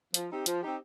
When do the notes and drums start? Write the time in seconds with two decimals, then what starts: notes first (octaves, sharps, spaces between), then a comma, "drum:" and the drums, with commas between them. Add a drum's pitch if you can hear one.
0.14 F3, drum: hi-hat
0.30 C4 D#4 G4
0.46 F3, drum: hi-hat
0.63 C4 D#4 G4